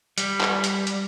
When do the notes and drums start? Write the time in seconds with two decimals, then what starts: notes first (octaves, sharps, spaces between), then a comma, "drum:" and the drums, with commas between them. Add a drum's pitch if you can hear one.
0.18 G3, drum: hi-hat
0.41 drum: clap
0.64 drum: hi-hat
0.87 drum: hi-hat